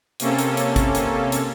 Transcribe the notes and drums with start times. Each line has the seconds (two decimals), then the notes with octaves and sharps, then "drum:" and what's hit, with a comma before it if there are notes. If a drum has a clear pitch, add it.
0.20 C3 A#3 C#4 A4, drum: hi-hat
0.39 drum: hi-hat
0.57 drum: hi-hat
0.76 drum: kick G#1, hi-hat
0.95 drum: hi-hat
1.32 drum: hi-hat